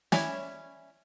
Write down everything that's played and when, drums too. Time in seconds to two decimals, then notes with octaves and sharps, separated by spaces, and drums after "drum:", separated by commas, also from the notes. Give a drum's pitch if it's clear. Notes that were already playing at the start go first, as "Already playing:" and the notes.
0.12 C#4 E4 C#5 D5 G#5, drum: snare